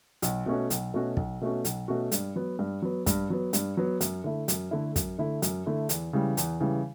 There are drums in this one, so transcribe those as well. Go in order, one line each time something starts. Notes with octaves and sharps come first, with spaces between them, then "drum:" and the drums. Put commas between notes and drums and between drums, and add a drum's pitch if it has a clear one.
B1, drum: hi-hat
B2 A3 C#4 F#4
B1, drum: hi-hat
B2 A3 C#4 F#4
B1, drum: kick
B2 A3 C#4 F#4
B1, drum: hi-hat
B2 A3 C#4 F#4
G2, drum: hi-hat
F#3 B3
G2
F#3 B3
G2, drum: kick, hi-hat
F#3 B3
G2, drum: hi-hat
F#3 B3
F#2, drum: hi-hat
D3 A3 E4
F#2, drum: hi-hat
D3 A3 E4
F#2, drum: kick, hi-hat
D3 A3 E4
F#2, drum: hi-hat
D3 A3 E4
E2, drum: hi-hat
C#3 E3 G3
E2, drum: hi-hat
C#3 E3 G3